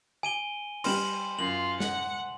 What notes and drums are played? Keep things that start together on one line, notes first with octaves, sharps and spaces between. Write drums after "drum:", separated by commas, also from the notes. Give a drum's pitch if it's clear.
G#5 D#7 G7
G3 B4 C6 F6 E7 F#7, drum: cymbal
F#2 F4 F#7
F#5, drum: snare